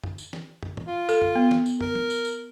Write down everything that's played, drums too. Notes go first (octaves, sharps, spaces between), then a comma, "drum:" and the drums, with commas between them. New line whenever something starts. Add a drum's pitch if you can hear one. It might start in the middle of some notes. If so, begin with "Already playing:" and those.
drum: tom
drum: tambourine
drum: snare
drum: tom
drum: tom
F4
A4, drum: tambourine
drum: tom
B3
drum: snare
drum: tambourine
A#4, drum: tom
drum: tom
drum: tambourine
drum: tambourine